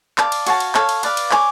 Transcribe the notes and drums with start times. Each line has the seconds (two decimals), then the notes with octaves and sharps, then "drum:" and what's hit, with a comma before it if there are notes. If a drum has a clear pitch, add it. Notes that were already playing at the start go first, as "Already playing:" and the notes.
0.18 D5 F5 A5, drum: clap
0.32 drum: cymbal
0.47 F#4 C#5 F5 A5, drum: cymbal
0.60 drum: cymbal
0.75 A4 C#5 F5, drum: clap
0.89 drum: cymbal
1.03 B4 D5 F5, drum: cymbal
1.17 drum: cymbal
1.31 C#5 G#5 D6, drum: clap